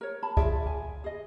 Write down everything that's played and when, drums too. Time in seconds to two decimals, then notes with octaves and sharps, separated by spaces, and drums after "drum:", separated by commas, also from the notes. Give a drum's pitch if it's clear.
0.01 A#4 C#5
0.23 A5 B5
0.37 F4 G#4 D5 E5, drum: kick
0.67 G#5
1.04 G#4 D#5